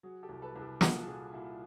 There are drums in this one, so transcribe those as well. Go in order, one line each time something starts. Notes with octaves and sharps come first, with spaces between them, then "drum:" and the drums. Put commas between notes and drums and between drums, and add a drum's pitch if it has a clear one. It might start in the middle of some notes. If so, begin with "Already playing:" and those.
F#3 F#4 G#4
G4 A4
C2
A4 B4
C2
G4 A4
A#2 F#4 G#4, drum: snare
A4
A#2 F#4 G#4
A#2 E4 F#4